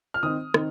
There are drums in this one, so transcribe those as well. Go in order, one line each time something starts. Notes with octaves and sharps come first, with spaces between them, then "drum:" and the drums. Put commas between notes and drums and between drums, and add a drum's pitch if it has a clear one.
F6
D#3 C4 D#4 D#6
D#3 C4 D#4, drum: rim click